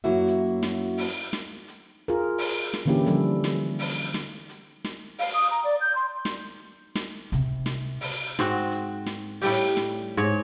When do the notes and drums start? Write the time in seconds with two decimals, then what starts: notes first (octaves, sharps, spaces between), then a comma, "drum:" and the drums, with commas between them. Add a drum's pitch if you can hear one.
0.04 F#2 F#3 A#3 E4 F#4 E5
0.27 drum: hi-hat
0.63 drum: snare
0.98 drum: open hi-hat
1.33 drum: snare
1.68 drum: hi-hat
2.08 F4 G#4 A#4
2.38 drum: open hi-hat
2.73 drum: snare
2.86 D3 E3 A#3 C#4 E4 G4
3.06 D3 F3 G3 A4, drum: hi-hat
3.44 drum: snare
3.79 drum: open hi-hat
4.14 drum: snare
4.49 drum: hi-hat
4.84 drum: snare
5.19 F5, drum: open hi-hat
5.33 D#6
5.50 A#5
5.64 D5
5.80 G6
5.95 C6
6.25 drum: snare
6.95 drum: snare
7.32 C3, drum: hi-hat
7.66 drum: snare
8.01 drum: open hi-hat
8.39 G#2 C4 F#4, drum: snare
8.71 drum: hi-hat
9.06 drum: snare
9.42 A2 G3 G4, drum: open hi-hat
9.77 drum: snare
10.17 G#2 C#5